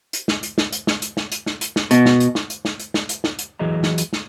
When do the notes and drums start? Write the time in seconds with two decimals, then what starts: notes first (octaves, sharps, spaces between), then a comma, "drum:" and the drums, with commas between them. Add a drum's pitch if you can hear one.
0.13 drum: hi-hat
0.28 drum: snare
0.43 drum: hi-hat
0.58 drum: snare
0.72 drum: hi-hat
0.87 drum: snare
1.02 drum: hi-hat
1.17 drum: snare
1.32 drum: hi-hat
1.46 drum: snare
1.61 drum: hi-hat
1.76 drum: snare
1.91 B2, drum: hi-hat
2.06 drum: snare
2.20 drum: hi-hat
2.35 drum: snare
2.50 drum: hi-hat
2.65 drum: snare
2.80 drum: hi-hat
2.94 drum: snare
3.09 drum: hi-hat
3.24 drum: snare
3.39 drum: hi-hat
3.59 E3 F#3 G#4 D#5 A#5
3.83 drum: snare
3.98 drum: hi-hat
4.13 drum: snare